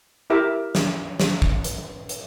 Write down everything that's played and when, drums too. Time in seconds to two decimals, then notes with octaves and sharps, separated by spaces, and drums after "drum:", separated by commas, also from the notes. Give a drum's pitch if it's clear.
0.30 E4 G4 A#4 E5 D6
0.75 drum: snare
1.20 drum: snare
1.42 drum: kick
1.64 drum: hi-hat
2.09 drum: hi-hat